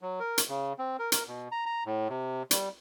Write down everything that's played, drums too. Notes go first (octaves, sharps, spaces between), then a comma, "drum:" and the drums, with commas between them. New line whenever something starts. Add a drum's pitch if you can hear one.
F#3
A#4
drum: hi-hat
C#3
C4
A#4
A#4, drum: hi-hat
B2
A#5
A#5
A2
C3
G3, drum: hi-hat